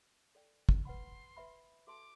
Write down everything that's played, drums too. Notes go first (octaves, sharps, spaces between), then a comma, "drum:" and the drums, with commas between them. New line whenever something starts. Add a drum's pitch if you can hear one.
A4 D5 G5
drum: kick
B4 F#5 B5 C6
B4 E5 B5
F#4 A4 E5 A5 C6 D6